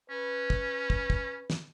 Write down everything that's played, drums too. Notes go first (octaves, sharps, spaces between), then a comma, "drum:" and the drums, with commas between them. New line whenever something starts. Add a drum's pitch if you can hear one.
C#4 B4
drum: kick
drum: kick
drum: kick
drum: snare